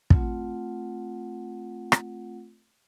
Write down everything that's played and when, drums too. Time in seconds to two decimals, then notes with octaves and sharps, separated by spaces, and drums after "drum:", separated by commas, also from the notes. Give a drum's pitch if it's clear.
0.10 A3 C4 F4 F#5, drum: kick
1.92 drum: rim click